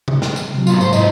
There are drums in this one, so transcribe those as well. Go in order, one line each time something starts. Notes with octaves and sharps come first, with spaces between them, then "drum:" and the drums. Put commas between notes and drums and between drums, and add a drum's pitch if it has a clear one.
drum: tom C#3
drum: snare
drum: tambourine
C3 F#3
B3 F4, drum: tambourine
G#2 C5, drum: tambourine
E4 D#5, drum: tambourine